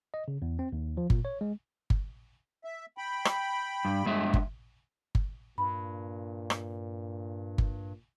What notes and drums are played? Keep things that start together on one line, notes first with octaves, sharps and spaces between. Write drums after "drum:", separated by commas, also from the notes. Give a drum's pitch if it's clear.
D#5
C#3
E2
C4
D#2
F3
A#2, drum: kick G1
C#5
G#3
drum: kick G1
E5
G5 B5
drum: rim click
G2
G2 G#3 E5
drum: kick G1
drum: kick G1
G2 A#2 B5
drum: rim click
drum: kick G1